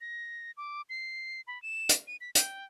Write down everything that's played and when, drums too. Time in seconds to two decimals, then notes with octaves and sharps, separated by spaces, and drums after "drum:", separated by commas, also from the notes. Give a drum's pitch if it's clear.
0.01 A#6
0.57 D6
0.89 C7
1.47 B5
1.62 E7
1.89 drum: hi-hat
2.07 D#7
2.21 B6
2.35 G5, drum: hi-hat